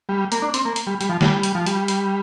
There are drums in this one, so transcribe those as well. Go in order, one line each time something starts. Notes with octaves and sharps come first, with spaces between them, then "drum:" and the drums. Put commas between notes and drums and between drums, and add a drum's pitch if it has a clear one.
G3
A#3, drum: hi-hat
D4
C4, drum: hi-hat
A#3
drum: hi-hat
G3
G3, drum: hi-hat
F3
G3, drum: snare
drum: hi-hat
F3
G3, drum: hi-hat
drum: hi-hat